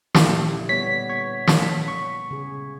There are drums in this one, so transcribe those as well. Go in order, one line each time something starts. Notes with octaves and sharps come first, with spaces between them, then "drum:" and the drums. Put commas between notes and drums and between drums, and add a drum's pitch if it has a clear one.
A#2 D3 E4 G4, drum: snare
G3 B3 C#5 B6
C#5
drum: snare
C#6
C#3 G#4